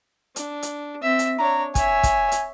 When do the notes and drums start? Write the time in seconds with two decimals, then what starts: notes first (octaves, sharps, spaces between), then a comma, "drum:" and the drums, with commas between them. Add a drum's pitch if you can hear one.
0.36 D4, drum: hi-hat
0.63 drum: hi-hat
1.02 C4 E5
1.19 drum: hi-hat
1.39 D4 C#5 A#5
1.75 C#5 E5 G#5, drum: kick, hi-hat
2.03 drum: kick, hi-hat
2.32 drum: hi-hat